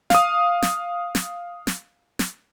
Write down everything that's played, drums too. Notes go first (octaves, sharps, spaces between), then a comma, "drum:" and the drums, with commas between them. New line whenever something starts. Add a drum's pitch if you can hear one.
F5 D#6, drum: snare
drum: snare
drum: snare
drum: snare
drum: snare